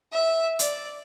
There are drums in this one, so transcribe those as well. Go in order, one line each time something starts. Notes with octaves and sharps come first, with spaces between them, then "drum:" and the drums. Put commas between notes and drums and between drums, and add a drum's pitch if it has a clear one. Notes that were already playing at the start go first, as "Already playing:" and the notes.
E5
D5, drum: hi-hat